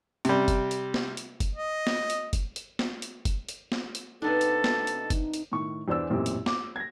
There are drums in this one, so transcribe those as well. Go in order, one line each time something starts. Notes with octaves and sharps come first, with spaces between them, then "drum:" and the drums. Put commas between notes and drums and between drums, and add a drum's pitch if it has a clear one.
C3 G3, drum: hi-hat
drum: kick F#1, hi-hat
drum: hi-hat
drum: snare
drum: hi-hat
drum: kick F#1, hi-hat
D#5
drum: snare
drum: hi-hat
drum: kick F#1, hi-hat
drum: hi-hat
drum: snare
drum: hi-hat
drum: kick F#1, hi-hat
drum: hi-hat
drum: snare
drum: hi-hat
C3 B3 D4 D#4 A4
drum: hi-hat
drum: snare
drum: hi-hat
drum: kick F#1, hi-hat
drum: hi-hat
A2 D#3 C#6
E2 E3 D4 C5 D5 E6
A1 F#2 A#2 C4 G4
drum: hi-hat
D6, drum: snare
G#6 A#6